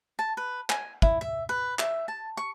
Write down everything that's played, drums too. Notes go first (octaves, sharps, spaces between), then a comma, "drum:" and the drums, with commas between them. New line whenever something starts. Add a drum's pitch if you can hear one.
A5
B4
G#5, drum: clap
E4, drum: kick
E5
B4
E5, drum: clap
A5
C#6